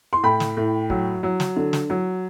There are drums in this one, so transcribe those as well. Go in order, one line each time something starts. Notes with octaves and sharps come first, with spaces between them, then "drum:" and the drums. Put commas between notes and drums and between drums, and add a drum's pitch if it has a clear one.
C6
A2 G5 B5
drum: snare
A2
F#3, drum: kick
F#3
drum: snare
D3
drum: snare
F#3